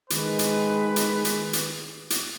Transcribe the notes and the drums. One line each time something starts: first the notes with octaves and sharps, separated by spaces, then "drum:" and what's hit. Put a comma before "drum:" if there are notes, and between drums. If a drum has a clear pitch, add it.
D#3 G#3 B4, drum: hi-hat
drum: hi-hat
drum: hi-hat
drum: hi-hat
drum: hi-hat
drum: hi-hat